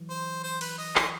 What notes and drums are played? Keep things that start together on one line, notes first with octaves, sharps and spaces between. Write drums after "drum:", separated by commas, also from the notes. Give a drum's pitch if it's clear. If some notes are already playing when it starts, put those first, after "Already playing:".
Already playing: E3 F#3
C5
C5
B4, drum: cymbal
D#5
D#5, drum: clap